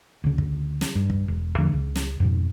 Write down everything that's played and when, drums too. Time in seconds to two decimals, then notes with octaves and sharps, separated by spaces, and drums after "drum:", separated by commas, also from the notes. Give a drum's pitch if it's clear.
0.24 D2 C#3
0.38 drum: kick
0.81 drum: snare
0.95 G2
1.10 drum: kick
1.28 E1
1.58 E2 D3 F3 A3
1.73 C#2 C#3
1.96 drum: snare
2.20 F2 G#2 B2